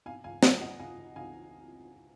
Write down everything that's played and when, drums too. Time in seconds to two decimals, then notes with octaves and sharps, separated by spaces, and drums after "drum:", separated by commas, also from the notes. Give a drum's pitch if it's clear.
0.06 B2 F5 G#5
0.24 C#2 F5 G#5
0.43 C#2 D#5 F#5, drum: snare
0.61 B2 D#5 F#5
0.79 C#2 F5 G#5
0.98 C#2
1.16 C#2 F5 G#5